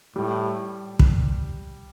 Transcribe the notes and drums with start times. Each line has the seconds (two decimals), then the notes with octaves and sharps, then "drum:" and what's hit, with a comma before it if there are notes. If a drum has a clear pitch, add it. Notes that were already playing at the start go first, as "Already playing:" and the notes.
0.16 A2 G3
0.99 drum: kick